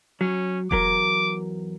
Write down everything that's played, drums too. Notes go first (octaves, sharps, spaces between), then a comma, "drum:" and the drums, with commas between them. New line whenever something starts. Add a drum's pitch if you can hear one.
F#3 C#4
E2 F#3 A#4 D6, drum: kick E1